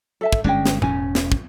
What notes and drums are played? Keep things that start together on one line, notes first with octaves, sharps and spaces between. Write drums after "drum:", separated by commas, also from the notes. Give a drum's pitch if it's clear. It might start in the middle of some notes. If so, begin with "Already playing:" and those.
A4 E5 A5
drum: kick
G1 G#3 C#4 D4 G5
drum: snare
E1 C#4 G#5, drum: tom A2
drum: snare
drum: kick